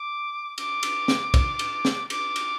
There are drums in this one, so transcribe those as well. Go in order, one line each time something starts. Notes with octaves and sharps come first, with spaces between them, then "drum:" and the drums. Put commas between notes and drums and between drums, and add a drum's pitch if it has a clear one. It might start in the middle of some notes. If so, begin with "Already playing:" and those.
Already playing: D6
D6, drum: cymbal
drum: cymbal
drum: snare
drum: kick, cymbal
drum: cymbal
drum: snare
D6, drum: cymbal
drum: cymbal